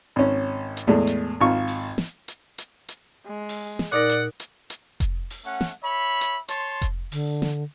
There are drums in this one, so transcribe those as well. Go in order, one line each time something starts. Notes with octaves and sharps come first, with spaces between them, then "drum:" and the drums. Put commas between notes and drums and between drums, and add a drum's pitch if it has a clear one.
G#1 C#4
drum: hi-hat
E2 A2 G#3
drum: hi-hat
G#1 F4 C#6
drum: open hi-hat
drum: snare
drum: hi-hat
drum: hi-hat
drum: hi-hat
G#3
drum: open hi-hat
drum: snare
A#2 D#4 A#4 D5 F#5
drum: hi-hat
drum: hi-hat
drum: hi-hat
drum: kick F1, hi-hat
drum: open hi-hat
A3 C#4 F#5
drum: snare
C#5 E5 B5
drum: hi-hat
C#5 A5 C6, drum: hi-hat
drum: kick F1, hi-hat
D3, drum: open hi-hat
drum: snare